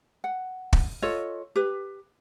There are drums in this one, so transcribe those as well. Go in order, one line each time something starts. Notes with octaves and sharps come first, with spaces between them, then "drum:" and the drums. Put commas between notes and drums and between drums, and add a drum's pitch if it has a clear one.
F#5
drum: kick
F4 A4 C#5 D#5
G4 B4